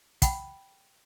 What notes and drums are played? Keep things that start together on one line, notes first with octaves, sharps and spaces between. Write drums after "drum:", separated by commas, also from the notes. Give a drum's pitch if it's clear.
F#5 G5 B5, drum: kick, hi-hat